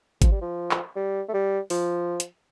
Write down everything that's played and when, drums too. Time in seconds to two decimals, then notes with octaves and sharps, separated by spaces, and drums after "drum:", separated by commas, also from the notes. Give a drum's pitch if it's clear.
0.22 F3, drum: kick G#1, hi-hat
0.31 G3
0.41 F3
0.71 drum: clap
0.96 G3
1.29 A3
1.34 G3
1.70 F3, drum: open hi-hat
2.20 drum: hi-hat